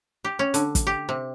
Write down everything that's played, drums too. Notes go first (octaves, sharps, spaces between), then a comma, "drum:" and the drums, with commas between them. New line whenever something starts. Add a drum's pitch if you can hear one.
G4
C#4
D3, drum: hi-hat
drum: kick, hi-hat
G4
C3